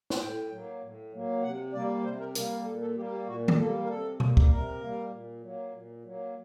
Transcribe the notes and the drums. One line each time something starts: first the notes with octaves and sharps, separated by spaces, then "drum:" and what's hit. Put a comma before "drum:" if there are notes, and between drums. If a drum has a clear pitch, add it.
drum: snare
A2 G5
F#3 A#3
A2
F#3 A#3
C3 F#5
G3 A#3 D5
C3 C5
A#4
G3 A#3 A#4, drum: hi-hat
A#4
A#2 A4
A4
G3 A#3 G4
G4
A#2 F#4
drum: tom D#3
G3 A#3 A4
A#4
C3 A4
G3 A#3, drum: tom B2
drum: kick
C3 A#4
G3 A#3
A#2
F#3 A#3
A#2
F#3 A#3